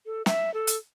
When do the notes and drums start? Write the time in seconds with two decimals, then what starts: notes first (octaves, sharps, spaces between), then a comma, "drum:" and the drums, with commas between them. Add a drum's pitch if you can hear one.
0.06 A4
0.26 E5, drum: snare
0.54 A4
0.67 drum: hi-hat